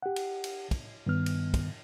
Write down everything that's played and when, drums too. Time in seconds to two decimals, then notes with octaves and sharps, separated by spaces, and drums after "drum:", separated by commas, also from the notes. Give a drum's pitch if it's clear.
0.02 G4 F#5
0.16 drum: cymbal
0.44 drum: cymbal
0.71 drum: kick, cymbal
1.06 G2 D#3 B3 F6
1.26 drum: cymbal
1.54 drum: kick, cymbal